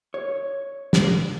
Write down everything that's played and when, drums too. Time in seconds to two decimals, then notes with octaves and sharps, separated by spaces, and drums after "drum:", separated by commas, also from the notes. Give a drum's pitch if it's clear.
0.14 C#5
0.93 drum: snare